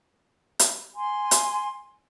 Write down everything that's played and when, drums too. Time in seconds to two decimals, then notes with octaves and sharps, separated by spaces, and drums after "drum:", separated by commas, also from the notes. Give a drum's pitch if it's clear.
0.59 drum: hi-hat
0.95 G#5 C6
1.31 drum: hi-hat